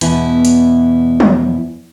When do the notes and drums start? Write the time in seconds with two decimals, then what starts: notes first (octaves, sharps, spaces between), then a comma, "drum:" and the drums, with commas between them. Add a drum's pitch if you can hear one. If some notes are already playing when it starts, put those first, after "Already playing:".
0.01 E2 B2 E4, drum: hi-hat
0.45 drum: hi-hat
1.20 drum: tom